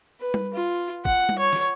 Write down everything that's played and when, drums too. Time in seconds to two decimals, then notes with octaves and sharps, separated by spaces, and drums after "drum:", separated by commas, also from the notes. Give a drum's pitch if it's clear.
0.21 B4
0.34 drum: tom G3
0.54 F4
1.05 F#5, drum: kick
1.29 drum: tom G3
1.39 C#5
1.53 drum: snare